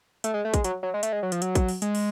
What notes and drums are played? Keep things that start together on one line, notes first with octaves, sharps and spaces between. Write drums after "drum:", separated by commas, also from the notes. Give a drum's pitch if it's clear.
A3, drum: hi-hat
G#3
A3
G#3, drum: kick, hi-hat
F#3, drum: hi-hat
F#3
G#3
A3, drum: hi-hat
G#3
F#3
F3, drum: hi-hat
F#3, drum: hi-hat
drum: kick, hi-hat
drum: open hi-hat
G#3, drum: hi-hat
drum: open hi-hat